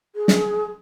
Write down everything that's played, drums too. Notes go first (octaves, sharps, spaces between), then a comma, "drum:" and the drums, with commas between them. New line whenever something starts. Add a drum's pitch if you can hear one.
G#4
drum: snare